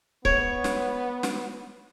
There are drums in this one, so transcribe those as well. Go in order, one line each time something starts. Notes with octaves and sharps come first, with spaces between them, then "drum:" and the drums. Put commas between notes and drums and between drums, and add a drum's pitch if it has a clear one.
B3 C#5, drum: kick C#1
drum: snare
drum: snare